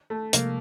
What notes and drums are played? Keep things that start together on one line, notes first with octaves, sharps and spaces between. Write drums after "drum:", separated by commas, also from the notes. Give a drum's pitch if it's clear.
A3
C3 F3 G#3 A#3, drum: hi-hat